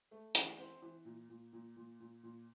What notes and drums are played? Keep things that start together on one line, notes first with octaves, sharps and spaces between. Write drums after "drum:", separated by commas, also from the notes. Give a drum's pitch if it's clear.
A3
E3, drum: hi-hat
C4
E3
A#2
A#2
A#2
A#2
A#2
A#2